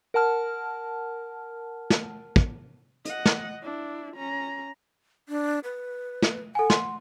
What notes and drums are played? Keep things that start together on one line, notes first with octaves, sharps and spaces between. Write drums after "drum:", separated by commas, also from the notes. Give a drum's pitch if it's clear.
A#4 F#5 A5 F6
drum: snare
drum: kick
D#5 F#5, drum: hi-hat
drum: snare
D4 E4
C#4 A#5
D4
B4
drum: snare
A4 F#5 G#5
C6, drum: snare